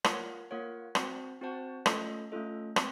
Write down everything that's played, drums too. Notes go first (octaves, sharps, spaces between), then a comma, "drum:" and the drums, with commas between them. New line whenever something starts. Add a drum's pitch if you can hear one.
A#3 F4 A#4 C#5 F#5, drum: rim click
A#3 F4 A#4 C#5 F#5
C4 F#4 C5 F#5 A5, drum: rim click
C4 F#4 C5 F#5 A5
A3 C#4 F4 A4 D#5, drum: rim click
A3 C#4 F4 A4 D#5
C4, drum: rim click